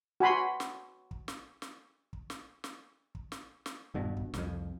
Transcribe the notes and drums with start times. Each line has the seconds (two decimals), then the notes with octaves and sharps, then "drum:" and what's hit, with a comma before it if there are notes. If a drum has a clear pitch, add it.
0.20 F#4 G#5 B5 C6
0.60 drum: snare
1.11 drum: kick
1.28 drum: snare
1.62 drum: snare
2.13 drum: kick
2.30 drum: snare
2.64 drum: snare
3.15 drum: kick
3.32 drum: snare
3.66 drum: snare
3.94 D#1 G2 B2
4.17 drum: kick
4.34 C2 F2, drum: snare